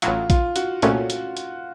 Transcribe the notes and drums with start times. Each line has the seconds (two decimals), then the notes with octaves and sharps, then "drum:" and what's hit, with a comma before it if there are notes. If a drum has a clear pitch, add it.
0.02 A1 A2 F#3 F4, drum: hi-hat
0.30 F4, drum: kick A#1, hi-hat
0.56 F#4, drum: hi-hat
0.82 C2 A#2 A3 C#4 F#4, drum: hi-hat
1.10 drum: hi-hat
1.37 drum: hi-hat